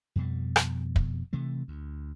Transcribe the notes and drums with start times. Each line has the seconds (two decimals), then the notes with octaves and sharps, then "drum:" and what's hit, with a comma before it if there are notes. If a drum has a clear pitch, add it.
0.16 F2 B2 G3
0.56 drum: rim click
0.96 drum: kick
1.33 C3 E3 A3
1.68 D2